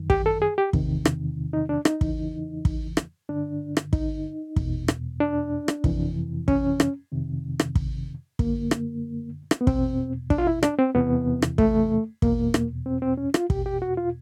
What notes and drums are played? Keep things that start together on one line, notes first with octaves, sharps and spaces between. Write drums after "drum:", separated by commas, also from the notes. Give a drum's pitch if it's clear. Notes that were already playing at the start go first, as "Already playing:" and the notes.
Already playing: F#2 D#3
G4, drum: kick
A4
G#4
G4
E2 C3 D#3, drum: kick
drum: rim click
D#4
D4
D#4, drum: rim click
E2 C#3 E3, drum: kick
drum: kick
drum: rim click
G2 D3 D4
drum: rim click
D#4, drum: kick
E2 B2, drum: kick
drum: rim click
D4
drum: rim click
F2 C3 E3, drum: kick
C#4, drum: kick
drum: rim click
F2 C3 D#3
drum: rim click
drum: kick
F#2 D3 A#3, drum: kick
drum: rim click
drum: rim click
B3
E2 B2 C4, drum: kick
D4, drum: kick
F4
E4
D4, drum: rim click
C4
E2 C3 E3 B3
drum: rim click
A3, drum: kick
E2 B2 A#3, drum: kick
drum: rim click
C4
C4
C#4
F4, drum: rim click
E2 B2 G4, drum: kick
G4
F#4
F4